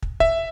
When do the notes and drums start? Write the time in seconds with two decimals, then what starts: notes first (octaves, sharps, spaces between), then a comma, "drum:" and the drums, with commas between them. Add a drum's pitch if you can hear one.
0.03 drum: kick
0.20 E5, drum: kick